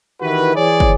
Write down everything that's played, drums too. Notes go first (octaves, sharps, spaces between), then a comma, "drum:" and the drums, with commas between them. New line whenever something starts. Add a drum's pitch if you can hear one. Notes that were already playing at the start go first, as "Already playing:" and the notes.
D#3 E3 E4 F#4 G4 B4
E3 G#4 C#5 D5
drum: kick